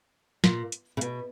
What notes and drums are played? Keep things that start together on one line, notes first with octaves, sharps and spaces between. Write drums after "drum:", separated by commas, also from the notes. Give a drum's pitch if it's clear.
A#2, drum: snare
drum: hi-hat
C#3
B2, drum: hi-hat